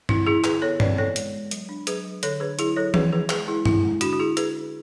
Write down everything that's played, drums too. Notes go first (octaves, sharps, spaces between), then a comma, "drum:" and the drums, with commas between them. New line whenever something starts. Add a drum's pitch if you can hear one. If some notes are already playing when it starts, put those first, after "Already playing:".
E3 E4, drum: tom G2
C#4 E4 G#4
D3 G#4 B4, drum: clap
B3 A4 C#5
E3 B4 D5, drum: tom G2
B3 A4 C#5
G#3, drum: hi-hat
G#3
F#3, drum: hi-hat
D4
F#3 G#4 B4, drum: hi-hat
F#3
D3 A4 C#5, drum: hi-hat
D4 G#4 B4
F#3 E4 G#4, drum: hi-hat
F#3 A4 C#5
E3 G#4 B4, drum: tom E3
B3 G#4 B4
G#3 G#4 B4, drum: clap
G#3 E4 G#4
G#3 E4, drum: tom G2
G#3
D3 D4 F#4, drum: hi-hat
F#4
D4 E4 G#4
D3 G#4 B4, drum: hi-hat
C#4